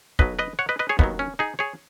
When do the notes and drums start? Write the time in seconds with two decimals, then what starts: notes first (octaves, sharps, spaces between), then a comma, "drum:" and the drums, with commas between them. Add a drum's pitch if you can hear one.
0.19 B1 B2 F#3 B4 D#5, drum: kick
0.39 B4 D#5
0.59 C#5 F#5
0.69 B4 D#5
0.79 B4 D#5
0.89 G#4 C#5
0.99 D#2 D#3 F#3 B3, drum: kick
1.19 C#4
1.39 D#4 G#4
1.59 G#4 C#5